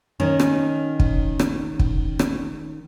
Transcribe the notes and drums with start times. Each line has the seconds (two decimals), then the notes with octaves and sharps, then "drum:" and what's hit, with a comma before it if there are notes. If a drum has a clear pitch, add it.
0.20 D#3 C#4
0.40 drum: rim click
1.00 drum: kick
1.39 drum: rim click
1.79 drum: kick
2.19 drum: rim click